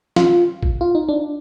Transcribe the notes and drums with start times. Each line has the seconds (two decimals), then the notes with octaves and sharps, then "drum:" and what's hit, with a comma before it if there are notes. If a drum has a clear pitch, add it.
0.16 F4, drum: snare
0.63 drum: kick
0.81 F4
0.95 D#4
1.09 D4